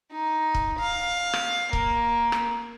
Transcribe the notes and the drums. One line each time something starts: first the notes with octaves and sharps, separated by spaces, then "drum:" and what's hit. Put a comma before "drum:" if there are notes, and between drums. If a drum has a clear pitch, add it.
D#4
drum: kick
F5
drum: rim click
A#3, drum: kick
drum: rim click